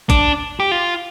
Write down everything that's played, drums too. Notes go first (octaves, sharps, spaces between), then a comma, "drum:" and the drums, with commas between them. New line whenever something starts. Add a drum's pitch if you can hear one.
D4, drum: kick, hi-hat
G4
F4